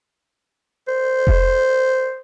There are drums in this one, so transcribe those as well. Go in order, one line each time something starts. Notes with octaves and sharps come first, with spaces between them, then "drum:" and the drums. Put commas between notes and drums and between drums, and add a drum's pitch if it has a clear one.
C5
drum: kick F1